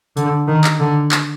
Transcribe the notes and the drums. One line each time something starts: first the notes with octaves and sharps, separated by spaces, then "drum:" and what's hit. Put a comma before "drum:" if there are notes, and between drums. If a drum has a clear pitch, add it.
D3, drum: tambourine
D#3
drum: clap
D3
drum: clap